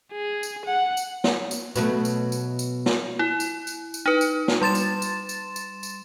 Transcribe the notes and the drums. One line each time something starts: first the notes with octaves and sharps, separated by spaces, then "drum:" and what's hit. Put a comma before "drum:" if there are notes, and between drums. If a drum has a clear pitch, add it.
G#4
drum: tambourine
F#5
drum: tambourine
drum: snare
drum: tambourine
B2 F#3 A3, drum: tambourine
drum: tambourine
drum: tambourine
drum: tambourine
drum: snare
E4
drum: tambourine
drum: tambourine
drum: tambourine
D#4 B4
drum: tambourine
drum: snare
G3 C6 A6 E7
drum: tambourine
drum: tambourine
drum: tambourine
drum: tambourine
drum: tambourine